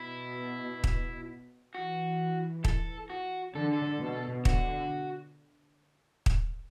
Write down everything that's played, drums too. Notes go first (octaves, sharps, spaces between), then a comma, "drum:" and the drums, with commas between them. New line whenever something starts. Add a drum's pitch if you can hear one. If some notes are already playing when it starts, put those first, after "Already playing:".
Already playing: B2 E4
drum: kick
E3 F#4
A4, drum: kick
F#4
D3 A4
A4
B2
D3 F#4, drum: kick
drum: kick